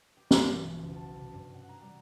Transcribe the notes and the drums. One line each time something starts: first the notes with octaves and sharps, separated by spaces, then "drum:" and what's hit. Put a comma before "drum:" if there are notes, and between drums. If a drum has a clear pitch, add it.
G4
E3, drum: snare
B1
F3
F#1
A5
C3
G2
F#5
A#5
G3